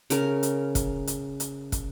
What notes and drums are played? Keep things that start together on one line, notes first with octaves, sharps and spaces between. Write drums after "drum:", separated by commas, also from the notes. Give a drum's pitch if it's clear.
C#3 A#4, drum: hi-hat
drum: hi-hat
drum: kick, hi-hat
drum: hi-hat
drum: hi-hat
drum: kick, hi-hat